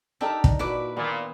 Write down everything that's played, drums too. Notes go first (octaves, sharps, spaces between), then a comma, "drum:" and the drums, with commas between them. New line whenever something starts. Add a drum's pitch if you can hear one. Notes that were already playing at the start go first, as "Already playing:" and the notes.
D4 D#4 G4 A4 A#4 E5
drum: kick
A#2 E4 F#4 B4 D6
A#2 D#3 B3